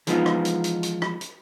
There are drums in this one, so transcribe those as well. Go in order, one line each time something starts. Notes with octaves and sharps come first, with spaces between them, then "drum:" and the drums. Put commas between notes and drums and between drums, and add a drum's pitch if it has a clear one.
E3 F3 G#3 B3 D#4 F4, drum: hi-hat
drum: rim click
drum: hi-hat
drum: hi-hat
drum: hi-hat
drum: rim click
drum: hi-hat